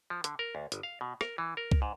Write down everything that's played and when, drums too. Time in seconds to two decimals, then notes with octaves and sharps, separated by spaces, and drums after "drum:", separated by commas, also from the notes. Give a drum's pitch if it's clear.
0.10 F3
0.24 D3, drum: hi-hat
0.39 A#4
0.55 D2
0.72 G1, drum: hi-hat
0.83 F5
1.01 B2
1.21 A#4, drum: rim click
1.38 E3
1.57 A#4
1.72 drum: kick C2
1.82 G#2